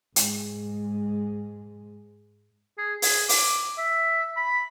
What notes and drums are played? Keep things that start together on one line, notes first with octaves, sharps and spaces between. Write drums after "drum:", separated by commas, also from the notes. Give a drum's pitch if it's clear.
G#2 G#3, drum: hi-hat
G#4
G#4, drum: open hi-hat
D6, drum: open hi-hat
E5
B5